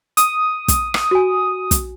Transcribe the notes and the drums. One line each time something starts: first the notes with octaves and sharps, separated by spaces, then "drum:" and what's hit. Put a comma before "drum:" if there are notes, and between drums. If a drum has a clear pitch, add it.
D#6, drum: hi-hat
drum: kick, hi-hat
drum: rim click
F#4 G#5
drum: kick, hi-hat